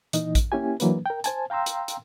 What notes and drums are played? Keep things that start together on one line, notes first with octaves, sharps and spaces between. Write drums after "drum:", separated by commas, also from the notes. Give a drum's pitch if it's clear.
A#2 E3 D#4 D#5, drum: hi-hat
drum: kick, hi-hat
A#3 C#4 E4 G4 G#5
E3 F#3 A#3 D4 B4, drum: hi-hat
A#4 G5
C5 G#5 A5, drum: hi-hat
F5 G5 A#5 C6 E6
drum: hi-hat
drum: hi-hat